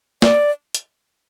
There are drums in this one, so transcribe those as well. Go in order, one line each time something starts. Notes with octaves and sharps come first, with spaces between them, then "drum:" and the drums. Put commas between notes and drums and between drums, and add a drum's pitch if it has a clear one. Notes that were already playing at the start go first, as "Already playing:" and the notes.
D5, drum: snare
drum: hi-hat